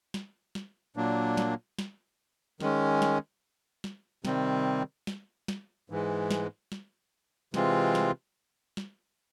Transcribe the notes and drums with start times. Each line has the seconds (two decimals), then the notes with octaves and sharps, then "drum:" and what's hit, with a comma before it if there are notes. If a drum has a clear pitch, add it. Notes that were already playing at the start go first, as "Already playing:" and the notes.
0.14 drum: snare
0.55 drum: snare
0.96 A#2 F#3 A#3 D4
1.37 drum: snare
1.79 drum: snare
2.60 D#3 G#3 C#4, drum: snare
3.02 drum: snare
3.84 drum: snare
4.25 C3 D#3 G3 C4, drum: snare
5.07 drum: snare
5.48 drum: snare
5.90 G#2 E3 G#3
6.31 drum: snare
6.72 drum: snare
7.54 C3 E3 G#3 C4 F4, drum: snare
7.95 drum: snare
8.77 drum: snare